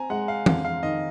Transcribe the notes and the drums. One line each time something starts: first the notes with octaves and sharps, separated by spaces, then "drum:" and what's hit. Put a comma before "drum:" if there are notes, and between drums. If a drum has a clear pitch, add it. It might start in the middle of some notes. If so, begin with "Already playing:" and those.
Already playing: C4 G#5 A#5
G#3 F#5
F5
F2 F5, drum: tom E3
F5
D#3 D#5